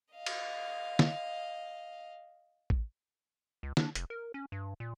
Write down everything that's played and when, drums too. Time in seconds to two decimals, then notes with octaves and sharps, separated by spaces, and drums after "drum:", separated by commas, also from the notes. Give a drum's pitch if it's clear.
0.14 D#5 F5
0.26 drum: cymbal
0.99 drum: snare
2.70 drum: kick A1
3.63 C#2
3.77 D4, drum: snare
3.95 F1, drum: hi-hat
4.10 A#4
4.34 C#4
4.52 G2
4.80 A#2